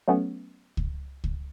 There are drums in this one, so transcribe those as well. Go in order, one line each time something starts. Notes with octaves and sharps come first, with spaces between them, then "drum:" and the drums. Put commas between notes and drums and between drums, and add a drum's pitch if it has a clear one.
F#3 A3 B3 C#4
drum: kick C#2
drum: kick C#2